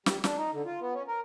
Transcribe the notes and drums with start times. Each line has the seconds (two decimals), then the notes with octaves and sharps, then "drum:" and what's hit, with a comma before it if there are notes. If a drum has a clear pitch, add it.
0.06 G3, drum: snare
0.24 D4, drum: snare
0.37 D#4
0.53 D3
0.65 F4
0.81 B3
0.94 C#4
1.08 A#4